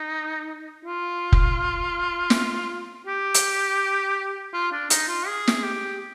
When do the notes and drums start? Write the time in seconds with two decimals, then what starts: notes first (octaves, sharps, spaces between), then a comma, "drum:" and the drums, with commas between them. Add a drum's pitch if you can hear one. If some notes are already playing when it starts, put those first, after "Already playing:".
Already playing: D#4
0.85 F4
1.32 drum: kick F1
2.30 drum: snare
3.07 G4
3.34 drum: hi-hat
4.54 F4
4.72 D4
4.90 D#4, drum: hi-hat
5.08 F4
5.27 G#4
5.48 drum: snare
5.64 G4